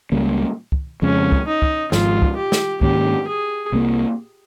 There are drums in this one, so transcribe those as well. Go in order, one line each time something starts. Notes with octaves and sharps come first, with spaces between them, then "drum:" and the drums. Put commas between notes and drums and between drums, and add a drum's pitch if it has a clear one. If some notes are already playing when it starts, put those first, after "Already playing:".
C#2 C#3 G3 A#3
drum: kick
F2 C#3 G#3 C#4
drum: kick
D#4
drum: kick
G#1 G#2 F3 F4, drum: snare
drum: kick
G4
drum: snare
G#2 D#3 A#3 C#4 G4, drum: kick
G#4
C2 C3 G3 A#3